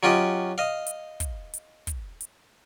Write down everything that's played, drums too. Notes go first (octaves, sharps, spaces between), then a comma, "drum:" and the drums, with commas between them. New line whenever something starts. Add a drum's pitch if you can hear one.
F#3 C#4 F4 G4 D#5
D#5 F5
drum: hi-hat
drum: kick, hi-hat
drum: hi-hat
drum: kick, hi-hat
drum: hi-hat